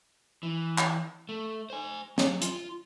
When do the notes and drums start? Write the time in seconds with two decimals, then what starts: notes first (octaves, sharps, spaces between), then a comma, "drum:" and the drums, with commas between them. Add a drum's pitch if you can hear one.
0.43 E3
0.78 drum: clap
1.29 A3
1.70 C5 G#5
2.18 F#3, drum: snare
2.42 F4, drum: hi-hat